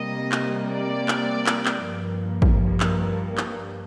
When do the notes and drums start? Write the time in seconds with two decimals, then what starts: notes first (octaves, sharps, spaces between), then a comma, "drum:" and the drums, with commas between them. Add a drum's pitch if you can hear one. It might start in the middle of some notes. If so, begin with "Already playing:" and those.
Already playing: C3 G3 A#3 D#5
0.32 drum: clap
0.70 D5
1.08 drum: clap
1.46 drum: clap
1.66 drum: clap
1.84 G2 F3 A#3
2.42 drum: kick
2.80 drum: clap
3.38 drum: clap